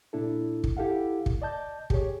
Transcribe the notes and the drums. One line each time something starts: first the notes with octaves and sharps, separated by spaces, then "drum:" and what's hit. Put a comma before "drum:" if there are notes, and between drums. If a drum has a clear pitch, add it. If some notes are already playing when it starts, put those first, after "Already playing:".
A#2 D4 E4 A4
drum: kick
E4 G4 A4 F5 F#5
drum: kick
D5 D#5 A5 G6
G4 G#4 C#5, drum: kick